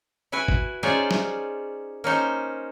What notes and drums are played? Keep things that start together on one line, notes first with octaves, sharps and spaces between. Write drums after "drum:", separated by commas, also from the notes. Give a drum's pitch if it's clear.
E4 F#4 B4 G#5
drum: kick
C#4 D#4 F4 G#4 C5 D5
drum: snare
A#3 C#4 D#4 C5